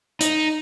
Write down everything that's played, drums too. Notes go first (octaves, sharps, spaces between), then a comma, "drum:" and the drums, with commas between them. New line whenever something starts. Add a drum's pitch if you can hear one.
D#4, drum: hi-hat